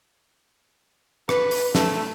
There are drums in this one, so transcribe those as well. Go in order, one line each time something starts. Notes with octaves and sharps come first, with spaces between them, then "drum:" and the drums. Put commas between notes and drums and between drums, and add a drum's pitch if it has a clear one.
B4, drum: rim click
drum: open hi-hat
A3, drum: snare